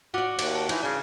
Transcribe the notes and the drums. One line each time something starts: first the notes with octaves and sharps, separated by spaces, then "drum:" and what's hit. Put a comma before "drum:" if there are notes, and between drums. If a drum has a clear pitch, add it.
F4 F#4 D5 F#5 D6
D#2 D5, drum: cymbal
A5
E3 D#4 F4, drum: cymbal
C#3 D4 D5 G#6